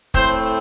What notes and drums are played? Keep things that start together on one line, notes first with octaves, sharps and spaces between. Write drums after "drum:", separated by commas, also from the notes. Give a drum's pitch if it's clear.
A2 A3 C4 C5, drum: kick